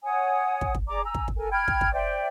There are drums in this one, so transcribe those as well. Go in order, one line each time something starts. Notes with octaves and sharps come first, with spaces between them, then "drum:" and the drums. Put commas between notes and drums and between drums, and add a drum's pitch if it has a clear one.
C#5 F#5 G#5 D#6
drum: kick
drum: kick
G#4 D5 A#5 D6
G#5 A#5 E6
drum: kick
drum: kick
A4 A#4 G#5
G5 B5 F6 G#6
drum: kick
drum: kick
C5 D5 E5 G5